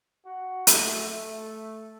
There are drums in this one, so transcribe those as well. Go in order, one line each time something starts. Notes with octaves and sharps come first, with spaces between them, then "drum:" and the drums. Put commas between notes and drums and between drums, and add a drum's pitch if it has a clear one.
F#4
A3, drum: hi-hat
A3